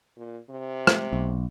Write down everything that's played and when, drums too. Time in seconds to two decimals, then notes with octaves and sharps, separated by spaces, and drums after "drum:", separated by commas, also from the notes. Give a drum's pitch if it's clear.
0.17 A#2
0.50 C3
0.87 drum: rim click
1.13 B1